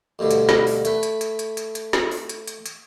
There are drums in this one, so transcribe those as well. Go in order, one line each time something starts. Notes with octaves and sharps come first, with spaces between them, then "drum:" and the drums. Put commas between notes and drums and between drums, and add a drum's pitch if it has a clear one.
D2 G2 B2 D3
drum: hi-hat
drum: snare
drum: open hi-hat
A3 B4, drum: hi-hat
drum: hi-hat
drum: hi-hat
drum: hi-hat
drum: hi-hat
drum: hi-hat
drum: snare
drum: open hi-hat
drum: hi-hat
drum: hi-hat
drum: hi-hat